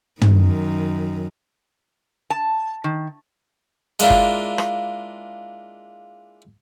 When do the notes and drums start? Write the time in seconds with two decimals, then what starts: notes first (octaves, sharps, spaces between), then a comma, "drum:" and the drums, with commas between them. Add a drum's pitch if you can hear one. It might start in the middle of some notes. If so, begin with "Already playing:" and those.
0.22 F#2 D#3, drum: tom
2.30 A5
2.84 D#3
4.00 G#3 A#3 D4 E4 F4, drum: hi-hat
4.10 drum: kick
4.58 drum: rim click